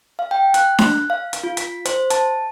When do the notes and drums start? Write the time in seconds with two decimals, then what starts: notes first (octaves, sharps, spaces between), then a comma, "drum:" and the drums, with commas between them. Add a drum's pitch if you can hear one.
0.19 F5
0.31 G5
0.54 F#6, drum: hi-hat
0.78 F#6, drum: snare D4
1.10 F5
1.33 drum: hi-hat
1.44 F4
1.57 B6, drum: hi-hat
1.85 C5, drum: hi-hat
2.10 A5, drum: hi-hat